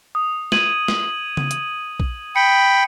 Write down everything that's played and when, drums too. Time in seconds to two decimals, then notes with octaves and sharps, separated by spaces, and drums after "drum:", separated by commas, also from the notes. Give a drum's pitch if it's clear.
0.15 D#6
0.52 G#6 D#7 F#7, drum: snare
0.88 drum: snare
1.37 drum: tom C#3
1.51 drum: hi-hat
2.00 drum: kick A#1
2.36 G5 B5 C#7